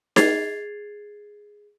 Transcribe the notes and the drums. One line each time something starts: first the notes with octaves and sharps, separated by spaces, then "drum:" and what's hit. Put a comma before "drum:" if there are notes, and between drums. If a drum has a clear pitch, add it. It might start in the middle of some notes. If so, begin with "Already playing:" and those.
G#4 G#6 A6 C7 F7, drum: snare D#4